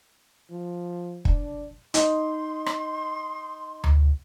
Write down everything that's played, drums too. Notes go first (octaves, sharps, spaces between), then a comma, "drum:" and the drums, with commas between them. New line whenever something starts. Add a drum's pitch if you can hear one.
F3
D4, drum: kick
D#4 C6, drum: hi-hat
drum: rim click
drum: tom D2